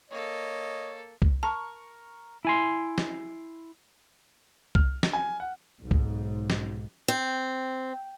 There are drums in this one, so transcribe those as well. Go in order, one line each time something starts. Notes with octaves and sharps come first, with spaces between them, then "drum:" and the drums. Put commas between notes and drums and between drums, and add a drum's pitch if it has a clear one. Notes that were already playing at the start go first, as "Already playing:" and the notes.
A#3 A4 C#5 D#5
drum: kick C2
A#4 A5 C#6
E4 G#5 C6
drum: snare
F6, drum: kick C2
drum: snare
G#5
F#5
B1 G#2
drum: kick C2
drum: snare
C4